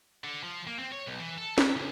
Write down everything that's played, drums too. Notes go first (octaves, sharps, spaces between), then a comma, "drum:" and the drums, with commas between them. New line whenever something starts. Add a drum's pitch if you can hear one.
D3
F3
A#3
C4
C#5
B1
E3
A4
E5, drum: snare
C#2